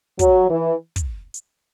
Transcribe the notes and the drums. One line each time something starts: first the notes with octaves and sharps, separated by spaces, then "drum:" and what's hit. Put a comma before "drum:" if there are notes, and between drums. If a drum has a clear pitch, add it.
F#3, drum: kick, hi-hat
E3
drum: kick, hi-hat
drum: hi-hat